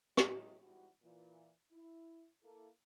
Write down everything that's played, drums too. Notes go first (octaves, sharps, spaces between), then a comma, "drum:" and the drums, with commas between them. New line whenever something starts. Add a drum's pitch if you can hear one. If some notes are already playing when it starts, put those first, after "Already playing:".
E3 F#3 G#3 C#4 E4 D#5, drum: rim click
E2 G#2 G3 F#4
A#2 E3
E4
A#3 E4 A4